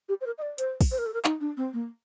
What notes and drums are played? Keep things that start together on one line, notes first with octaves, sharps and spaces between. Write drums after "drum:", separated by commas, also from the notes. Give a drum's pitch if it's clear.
G4
C5
A#4
D#5
D5
C5, drum: hi-hat
drum: kick, open hi-hat
C5
A#4
A4
A#4
D#4, drum: clap
D4
C4
A#3